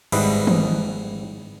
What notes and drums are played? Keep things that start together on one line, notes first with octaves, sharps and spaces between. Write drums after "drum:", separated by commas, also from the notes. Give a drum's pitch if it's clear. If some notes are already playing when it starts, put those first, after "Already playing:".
G#1 G#2 G3 E4 B4 D#5, drum: cymbal
drum: tom